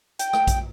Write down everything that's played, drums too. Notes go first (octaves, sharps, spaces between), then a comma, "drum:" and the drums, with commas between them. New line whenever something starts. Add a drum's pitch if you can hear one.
G5, drum: hi-hat
drum: rim click
drum: kick A#1, hi-hat